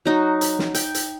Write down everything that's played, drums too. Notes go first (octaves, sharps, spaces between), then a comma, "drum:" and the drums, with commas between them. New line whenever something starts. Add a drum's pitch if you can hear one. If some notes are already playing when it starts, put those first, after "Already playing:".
F#3 D#4 F#4
drum: hi-hat
drum: snare
G5, drum: hi-hat
drum: hi-hat